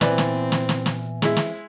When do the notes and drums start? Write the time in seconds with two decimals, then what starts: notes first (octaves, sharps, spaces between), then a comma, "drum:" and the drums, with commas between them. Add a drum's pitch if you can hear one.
0.01 A#2 E3 B3 C4 B4 D5, drum: snare
0.18 drum: snare
0.52 drum: snare
0.69 drum: snare
0.86 drum: snare
1.22 G#3 E4, drum: snare
1.37 drum: snare